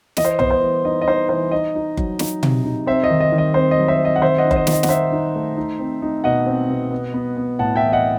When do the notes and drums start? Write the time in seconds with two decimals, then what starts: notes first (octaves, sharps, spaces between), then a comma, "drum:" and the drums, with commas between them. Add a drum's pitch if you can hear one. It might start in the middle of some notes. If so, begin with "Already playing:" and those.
0.17 E3 D#5, drum: snare
0.25 C5
0.39 B3 C5, drum: tom B1
0.50 C5
0.62 E3
0.85 D#4 D#5
1.02 D#5
1.07 D#4 C5
1.29 E3 C5
1.52 D#4 D#5
1.75 D#4
1.97 F#3, drum: kick F#1
2.19 D#4, drum: snare
2.43 C3, drum: tom B2
2.64 D#4
2.87 C4 C5 E5
3.04 D#5
3.10 D#3
3.20 D#5
3.32 D#3
3.38 D#5
3.54 C4 C5
3.71 D#5
3.78 F#3
3.88 C5 E5
3.99 C4
4.05 D#5
4.16 F#5
4.22 D#3 C5 E5
4.38 D#5 F#5
4.44 D#4
4.51 C5, drum: kick F#1
4.56 D#5
4.67 D#3, drum: snare
4.73 D#5
4.83 F#5, drum: snare
4.89 D#4 C5 E5
5.12 D#4
5.35 A3
5.57 D#4
5.79 C4
6.02 D#4
6.24 B2 D#5 F#5
6.46 C4
6.70 B2
6.91 B3
7.14 B3
7.37 B3
7.59 A2 F#5 A5
7.76 E5 G5
7.81 E3
7.88 E5
7.92 D#5 F#5